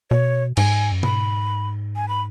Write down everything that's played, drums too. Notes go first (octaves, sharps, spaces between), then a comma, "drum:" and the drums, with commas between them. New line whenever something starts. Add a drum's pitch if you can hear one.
B2 C#5
G#2 G#5, drum: cymbal
F#2
G#2 B5, drum: tom B2
G#5
B5